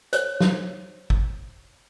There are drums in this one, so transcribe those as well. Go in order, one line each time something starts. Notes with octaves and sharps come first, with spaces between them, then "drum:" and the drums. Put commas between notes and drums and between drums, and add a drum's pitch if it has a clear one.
C5 C#5, drum: hi-hat
drum: snare
drum: kick